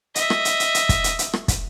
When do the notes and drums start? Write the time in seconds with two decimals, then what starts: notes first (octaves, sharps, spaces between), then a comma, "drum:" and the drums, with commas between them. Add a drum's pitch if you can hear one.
0.15 D#5 E5, drum: hi-hat
0.30 drum: rim click
0.45 drum: hi-hat
0.60 drum: hi-hat
0.74 drum: hi-hat
0.89 drum: kick, hi-hat
1.04 drum: hi-hat
1.19 drum: hi-hat
1.33 drum: rim click
1.48 drum: kick, hi-hat